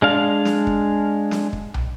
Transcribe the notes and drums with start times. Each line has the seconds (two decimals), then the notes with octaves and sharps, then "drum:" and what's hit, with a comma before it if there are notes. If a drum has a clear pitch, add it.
0.02 G#3 D4 F5
0.45 drum: snare
0.67 drum: kick
1.31 drum: snare
1.53 drum: kick
1.74 drum: tom